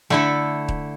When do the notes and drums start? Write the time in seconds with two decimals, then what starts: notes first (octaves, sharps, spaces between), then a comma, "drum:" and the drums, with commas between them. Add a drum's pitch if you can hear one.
0.10 D3 A3 E4 A4
0.68 drum: kick D#1